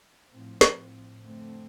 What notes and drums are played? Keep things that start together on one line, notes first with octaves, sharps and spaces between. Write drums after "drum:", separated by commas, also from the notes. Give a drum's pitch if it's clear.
A2 F3 C4
drum: snare
F2 D3 A3 C4